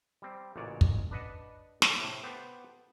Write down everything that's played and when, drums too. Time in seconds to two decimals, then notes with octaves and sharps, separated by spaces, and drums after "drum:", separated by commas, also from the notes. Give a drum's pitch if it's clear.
0.22 G3 C4
0.56 A1 A#2 C#3 F#3 C#5 D5
0.81 drum: kick
1.11 D4 B4 D#5 F#5 A5
1.82 drum: snare
1.98 A2 C3
2.24 B3 G4 A4 C5